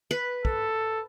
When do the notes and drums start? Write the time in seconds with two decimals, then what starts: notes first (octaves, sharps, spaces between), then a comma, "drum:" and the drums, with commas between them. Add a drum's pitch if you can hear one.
0.11 B4
0.45 A4, drum: kick